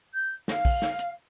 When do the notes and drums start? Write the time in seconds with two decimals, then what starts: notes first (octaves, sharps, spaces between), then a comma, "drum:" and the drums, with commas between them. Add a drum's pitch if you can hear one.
0.13 G6
0.48 F5, drum: snare
0.65 drum: kick, open hi-hat
0.82 drum: snare
0.99 drum: hi-hat